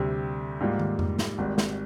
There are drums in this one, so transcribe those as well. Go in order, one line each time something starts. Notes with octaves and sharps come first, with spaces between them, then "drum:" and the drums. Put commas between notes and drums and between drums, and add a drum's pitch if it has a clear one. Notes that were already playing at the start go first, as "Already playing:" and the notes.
Already playing: D2 C3 G3
G#2 G3 A#3 F4
drum: tom
drum: tom F2
drum: snare
G#1 G#2 G3
drum: snare